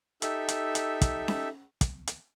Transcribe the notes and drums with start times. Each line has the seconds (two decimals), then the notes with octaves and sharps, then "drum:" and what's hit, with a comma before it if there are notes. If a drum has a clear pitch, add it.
0.22 D#4 G4 A4 E5, drum: hi-hat
0.49 drum: hi-hat
0.75 drum: hi-hat
1.01 drum: kick, hi-hat
1.28 drum: snare C#4
1.81 drum: kick, hi-hat
2.07 drum: hi-hat